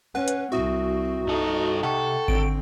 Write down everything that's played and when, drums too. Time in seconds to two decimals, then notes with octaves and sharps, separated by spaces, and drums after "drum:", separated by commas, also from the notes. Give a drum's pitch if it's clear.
0.15 C#4 B4 F#5
0.28 drum: hi-hat
0.52 C2 C4 E4 F#4 E5 D#6
1.27 G2 D#4 A4
1.83 C3 A4 F#5 G5 C#6
2.28 D3 C4 D7, drum: kick G#1